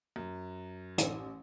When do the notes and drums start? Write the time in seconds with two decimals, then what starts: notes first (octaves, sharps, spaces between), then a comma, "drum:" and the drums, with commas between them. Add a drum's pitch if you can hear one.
0.16 F#2
0.98 A1, drum: hi-hat